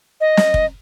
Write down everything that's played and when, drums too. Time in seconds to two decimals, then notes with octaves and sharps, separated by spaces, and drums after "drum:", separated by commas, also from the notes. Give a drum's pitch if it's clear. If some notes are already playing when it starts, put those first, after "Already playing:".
0.21 D#5
0.37 drum: snare
0.54 drum: kick